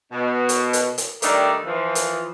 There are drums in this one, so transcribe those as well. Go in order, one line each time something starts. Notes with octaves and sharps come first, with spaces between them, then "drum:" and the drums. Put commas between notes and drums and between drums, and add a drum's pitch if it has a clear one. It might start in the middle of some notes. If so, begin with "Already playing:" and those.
B2
drum: hi-hat
drum: hi-hat
drum: hi-hat
D#3 G3 A3 A#3 D4 D#4, drum: hi-hat
E3 F3
drum: hi-hat